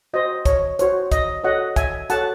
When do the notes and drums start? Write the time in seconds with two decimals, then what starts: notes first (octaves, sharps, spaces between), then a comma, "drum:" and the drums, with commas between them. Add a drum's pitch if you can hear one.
0.13 F#4 C5 D#5
0.45 C#5, drum: kick, hi-hat
0.79 F#4 C5 C#5, drum: hi-hat
1.12 D#5, drum: kick, hi-hat
1.44 F#4 A4 C#5 D#5 F#5
1.76 E5 G#5, drum: kick, hi-hat
2.10 F#4 A4 C#5 F#5 A5, drum: hi-hat